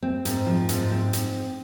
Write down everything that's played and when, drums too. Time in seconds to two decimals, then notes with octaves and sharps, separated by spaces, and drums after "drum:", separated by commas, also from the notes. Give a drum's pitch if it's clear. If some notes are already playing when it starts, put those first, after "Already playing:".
0.03 C4
0.25 G#2, drum: hi-hat
0.46 F3
0.69 G#2, drum: hi-hat
0.91 C4
1.13 drum: hi-hat